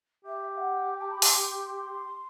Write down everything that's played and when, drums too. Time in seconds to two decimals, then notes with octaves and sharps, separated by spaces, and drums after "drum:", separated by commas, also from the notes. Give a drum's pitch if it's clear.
0.25 G4 E5
0.57 F#5
0.90 G5
1.01 A5
1.11 B5
1.22 C6, drum: open hi-hat